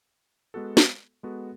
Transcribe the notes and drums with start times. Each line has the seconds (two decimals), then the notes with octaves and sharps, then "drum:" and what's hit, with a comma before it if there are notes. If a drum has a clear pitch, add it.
0.54 G#3 B3 F#4 A4
0.77 drum: snare
1.23 G#3 B3 F#4 A4